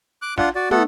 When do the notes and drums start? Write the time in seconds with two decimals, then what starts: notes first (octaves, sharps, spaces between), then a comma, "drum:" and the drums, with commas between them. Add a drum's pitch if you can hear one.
0.22 D6 F#6
0.38 D4 F4 F#5, drum: snare
0.55 F#4 D5
0.71 A3 B3 A4 F#5, drum: tom